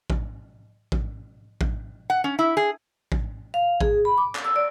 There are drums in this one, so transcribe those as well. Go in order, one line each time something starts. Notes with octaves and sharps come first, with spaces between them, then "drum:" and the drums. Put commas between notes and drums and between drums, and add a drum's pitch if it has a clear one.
drum: kick A1
drum: kick A1
drum: kick A1
F#5
C#4
E4
G#4
drum: kick A1
F5
G#4, drum: kick A1
B5
D6
drum: clap
E6
D5